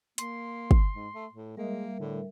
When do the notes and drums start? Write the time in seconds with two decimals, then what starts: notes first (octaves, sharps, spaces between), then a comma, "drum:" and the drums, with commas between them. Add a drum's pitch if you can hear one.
0.18 A#3 C6, drum: hi-hat
0.71 drum: kick
0.94 G#2
1.14 A3
1.33 A2
1.57 G3 G#3 A#3 A#4 E5
2.00 A2 D3